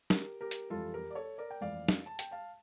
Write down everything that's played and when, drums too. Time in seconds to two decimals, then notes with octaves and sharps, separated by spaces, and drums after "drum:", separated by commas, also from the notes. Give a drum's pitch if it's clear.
0.10 G4 A#4, drum: snare
0.41 G4 A#4
0.51 drum: hi-hat
0.70 F2 E3 G3 F4 A4
0.94 G4 A#4
1.11 D5
1.15 A4 C#5
1.38 A#4 D5
1.51 G5
1.61 F2 E3 A3 D5 F5
1.88 drum: snare
2.06 A5
2.19 G5, drum: hi-hat
2.31 F5 A5